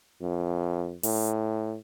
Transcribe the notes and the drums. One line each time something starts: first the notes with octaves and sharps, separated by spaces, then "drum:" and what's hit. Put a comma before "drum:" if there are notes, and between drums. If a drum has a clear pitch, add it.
F2
A2, drum: open hi-hat